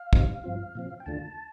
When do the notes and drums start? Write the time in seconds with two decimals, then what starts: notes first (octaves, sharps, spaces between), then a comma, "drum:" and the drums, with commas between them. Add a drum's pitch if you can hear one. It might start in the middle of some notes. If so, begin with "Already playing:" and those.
Already playing: F5
0.13 C3 G3 C4 D#4, drum: kick
0.44 G2 F3 C4 F4
0.75 A#2 F3 C4
1.00 G5
1.06 D#2 D3 A3 D4 F4 A5